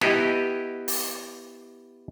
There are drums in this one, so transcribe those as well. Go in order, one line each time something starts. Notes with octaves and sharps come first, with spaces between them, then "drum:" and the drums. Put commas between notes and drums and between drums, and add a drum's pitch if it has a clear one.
B3 E4 G4 D#5, drum: snare
drum: open hi-hat